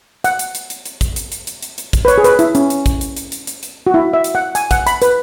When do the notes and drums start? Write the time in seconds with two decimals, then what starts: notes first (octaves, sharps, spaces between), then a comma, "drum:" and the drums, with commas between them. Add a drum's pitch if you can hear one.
0.24 F#5, drum: hi-hat
0.39 drum: hi-hat
0.55 drum: hi-hat
0.70 drum: hi-hat
0.86 drum: hi-hat
1.01 drum: kick, hi-hat
1.16 drum: hi-hat
1.32 drum: hi-hat
1.47 drum: hi-hat
1.63 drum: hi-hat
1.78 drum: hi-hat
1.93 drum: kick, hi-hat
2.05 B4
2.08 C#5, drum: hi-hat
2.18 G#4
2.24 B4, drum: hi-hat
2.39 E4, drum: hi-hat
2.55 C#4, drum: hi-hat
2.70 drum: hi-hat
2.86 drum: kick, hi-hat
3.01 drum: hi-hat
3.17 drum: hi-hat
3.32 drum: hi-hat
3.47 drum: hi-hat
3.63 drum: hi-hat
3.87 F#4
3.94 E4
4.13 E5
4.24 drum: hi-hat
4.35 F#5
4.55 G#5, drum: hi-hat
4.71 F#5, drum: kick, hi-hat
4.87 B5, drum: hi-hat
5.02 B4, drum: hi-hat